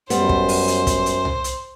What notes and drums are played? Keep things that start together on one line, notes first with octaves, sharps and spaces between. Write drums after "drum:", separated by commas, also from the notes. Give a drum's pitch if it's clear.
F#2 G3 B3 C5, drum: hi-hat
drum: kick
drum: open hi-hat
drum: hi-hat
drum: kick, hi-hat
drum: hi-hat
drum: tom C2
drum: hi-hat